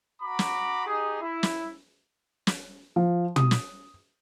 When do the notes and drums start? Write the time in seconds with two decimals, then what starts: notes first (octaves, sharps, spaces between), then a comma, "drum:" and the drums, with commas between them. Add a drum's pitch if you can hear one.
0.21 F#4 A#5 B5 D6
0.39 drum: snare
0.85 D#4 G4 G#4
1.20 E4
1.43 drum: snare
2.47 drum: snare
2.96 F3
3.36 D#6, drum: tom
3.51 drum: snare